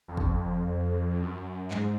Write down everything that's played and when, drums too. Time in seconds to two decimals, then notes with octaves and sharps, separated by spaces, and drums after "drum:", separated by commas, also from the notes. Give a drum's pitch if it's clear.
0.08 F2
0.17 drum: kick G1
1.23 F#2
1.71 G#2, drum: clap